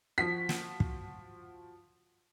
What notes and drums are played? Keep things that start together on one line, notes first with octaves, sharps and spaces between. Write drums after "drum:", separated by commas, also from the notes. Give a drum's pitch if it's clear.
F3 F#4 B6
drum: snare
drum: kick